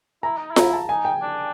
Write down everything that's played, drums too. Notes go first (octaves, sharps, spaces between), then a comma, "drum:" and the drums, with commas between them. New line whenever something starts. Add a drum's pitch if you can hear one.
E4 A#5
D#4
E4
A#5, drum: snare F4
A5
D#4 G#5
G5
D4